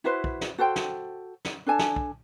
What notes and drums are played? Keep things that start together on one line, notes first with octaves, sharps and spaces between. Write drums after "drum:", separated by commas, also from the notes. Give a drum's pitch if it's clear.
E4 F#4 B4 C5
drum: kick
drum: snare
F#4 A4 C5 G5
drum: snare
drum: snare
D4 A4 G#5 A5
drum: snare
drum: kick